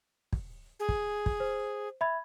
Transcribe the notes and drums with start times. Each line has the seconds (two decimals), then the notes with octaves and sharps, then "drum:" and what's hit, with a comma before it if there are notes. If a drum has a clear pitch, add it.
0.33 drum: kick
0.80 G#4
0.89 drum: kick
1.26 drum: kick
1.40 C5
2.01 E5 B5 G#6